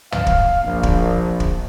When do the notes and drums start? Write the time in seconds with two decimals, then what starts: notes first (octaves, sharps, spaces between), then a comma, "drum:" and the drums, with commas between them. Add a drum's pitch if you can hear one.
0.12 F5, drum: tom
0.27 drum: kick
0.64 A#1
0.83 drum: kick
1.40 drum: kick